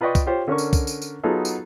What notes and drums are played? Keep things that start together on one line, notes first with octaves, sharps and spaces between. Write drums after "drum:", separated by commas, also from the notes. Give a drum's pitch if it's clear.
F4 B4 D5 D#5 G5 C#6
drum: kick, tambourine
F4 G4 C5 C#5
D3 C#4 A#4 C#6
drum: tambourine
drum: kick, tambourine
drum: tambourine
drum: tambourine
F#3 B3 D#4 F4 G#4 A4
drum: tambourine